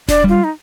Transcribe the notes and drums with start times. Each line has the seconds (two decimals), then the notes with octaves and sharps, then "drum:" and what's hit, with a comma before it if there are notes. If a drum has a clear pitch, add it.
0.09 D4 D5, drum: snare E1
0.24 G3 F4
0.44 D#4